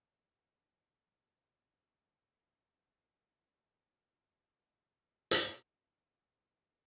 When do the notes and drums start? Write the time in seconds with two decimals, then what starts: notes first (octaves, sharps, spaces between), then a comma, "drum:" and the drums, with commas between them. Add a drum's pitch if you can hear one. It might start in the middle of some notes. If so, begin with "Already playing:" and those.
0.23 B3
0.59 B3
1.30 A3
1.66 B3
2.39 C#4
3.11 D#4
3.47 E4
3.83 A4
4.18 B4
4.90 A4
5.31 drum: hi-hat
5.98 E4